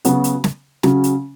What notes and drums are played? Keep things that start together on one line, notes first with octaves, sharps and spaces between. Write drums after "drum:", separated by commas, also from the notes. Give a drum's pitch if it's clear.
C#3 F#3 B3 F#4, drum: hi-hat
drum: hi-hat
drum: snare
C#3 F#3 C#4, drum: snare
drum: hi-hat